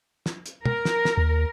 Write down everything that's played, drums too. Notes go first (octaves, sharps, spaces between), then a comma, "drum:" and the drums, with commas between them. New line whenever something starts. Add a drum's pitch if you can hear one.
drum: snare
drum: hi-hat
A#4, drum: tom
drum: snare
drum: snare
D#2